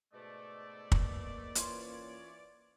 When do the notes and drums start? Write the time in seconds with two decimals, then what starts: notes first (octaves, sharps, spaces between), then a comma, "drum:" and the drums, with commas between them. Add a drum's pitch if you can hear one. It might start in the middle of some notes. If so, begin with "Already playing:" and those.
0.13 G#2 B2 A3 D5
0.92 A#3, drum: kick
1.55 E3 C#4 F4 C5 C#5, drum: hi-hat